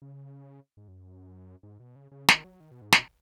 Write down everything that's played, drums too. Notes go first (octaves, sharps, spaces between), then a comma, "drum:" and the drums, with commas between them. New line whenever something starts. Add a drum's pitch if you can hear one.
C#3
G#2
F#2
G#2
B2
C#3
C#3
D#3, drum: snare
F#3
D#3
B2
G#2
B2, drum: snare